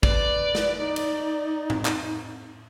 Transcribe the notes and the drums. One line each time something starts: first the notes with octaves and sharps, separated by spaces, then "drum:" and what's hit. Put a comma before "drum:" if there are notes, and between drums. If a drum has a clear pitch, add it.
B4 D5, drum: kick
drum: snare
D#4
drum: cymbal
drum: tom A2
drum: clap